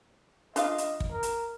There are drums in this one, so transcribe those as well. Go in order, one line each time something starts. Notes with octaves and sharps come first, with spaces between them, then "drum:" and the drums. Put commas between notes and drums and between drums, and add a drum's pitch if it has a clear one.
D4 F4 D#5 F5, drum: hi-hat
drum: hi-hat
drum: kick
A#4
drum: hi-hat